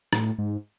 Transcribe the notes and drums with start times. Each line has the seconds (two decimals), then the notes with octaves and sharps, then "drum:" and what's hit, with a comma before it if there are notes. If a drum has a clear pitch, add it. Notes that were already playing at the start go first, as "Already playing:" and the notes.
0.13 A2, drum: rim click
0.38 G#2